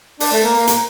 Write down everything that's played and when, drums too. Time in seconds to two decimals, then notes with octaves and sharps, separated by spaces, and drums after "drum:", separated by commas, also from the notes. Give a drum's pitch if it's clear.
0.20 D4, drum: open hi-hat
0.32 A3
0.44 A#3
0.56 A#3
0.67 A#3, drum: hi-hat